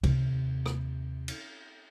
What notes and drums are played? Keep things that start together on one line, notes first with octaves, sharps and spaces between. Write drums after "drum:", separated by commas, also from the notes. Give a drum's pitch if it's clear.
D#2 C3, drum: kick C#2, cymbal
drum: rim click
drum: cymbal